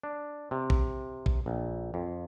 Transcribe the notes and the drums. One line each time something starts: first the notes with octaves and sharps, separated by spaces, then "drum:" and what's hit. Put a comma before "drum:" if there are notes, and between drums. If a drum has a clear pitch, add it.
D4
C3
drum: kick A#1
drum: kick A#1
A#1
F2